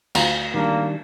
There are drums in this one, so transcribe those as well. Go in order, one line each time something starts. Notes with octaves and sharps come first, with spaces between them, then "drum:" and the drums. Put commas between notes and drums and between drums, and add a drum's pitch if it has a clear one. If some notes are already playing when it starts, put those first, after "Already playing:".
D2 F4 A#5, drum: cymbal
D#3 G3 A#3 D4